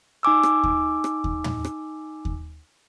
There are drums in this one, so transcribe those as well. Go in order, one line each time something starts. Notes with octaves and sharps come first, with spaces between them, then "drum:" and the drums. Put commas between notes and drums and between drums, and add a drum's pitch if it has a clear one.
D#4 G#5 D6 E6
drum: rim click
drum: kick D#2
drum: rim click
drum: kick D#2
drum: tom
drum: rim click
drum: kick D#2